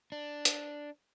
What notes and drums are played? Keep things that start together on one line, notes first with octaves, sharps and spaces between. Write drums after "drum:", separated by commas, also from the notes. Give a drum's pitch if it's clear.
D4
drum: hi-hat